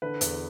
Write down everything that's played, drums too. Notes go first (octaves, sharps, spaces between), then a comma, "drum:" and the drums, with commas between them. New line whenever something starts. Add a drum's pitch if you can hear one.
D3 B4
E2 B4, drum: hi-hat